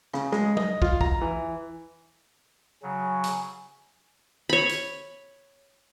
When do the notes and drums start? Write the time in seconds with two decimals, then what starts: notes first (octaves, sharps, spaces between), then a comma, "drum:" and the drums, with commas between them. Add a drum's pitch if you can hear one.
0.13 C#3, drum: rim click
0.32 G#3, drum: rim click
0.57 D#5, drum: tom F#3
0.82 F4, drum: kick
1.01 A#5, drum: kick
1.21 E3
2.83 C#3 F#3 G#5
3.24 drum: hi-hat
4.49 C#5 B5
4.69 drum: hi-hat